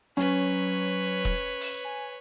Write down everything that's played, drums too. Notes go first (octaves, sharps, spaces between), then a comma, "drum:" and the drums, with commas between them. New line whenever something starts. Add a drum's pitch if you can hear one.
F#3 C#4 B4 C#5
drum: kick E1
drum: open hi-hat
G#5